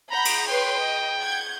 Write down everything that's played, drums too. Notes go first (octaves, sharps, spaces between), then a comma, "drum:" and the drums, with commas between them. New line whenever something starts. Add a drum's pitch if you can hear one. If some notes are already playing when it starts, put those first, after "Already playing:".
F#5 A#5 B5 G6
drum: cymbal
B4 C#5 G5 C6
D#5
F#5 G6 G#6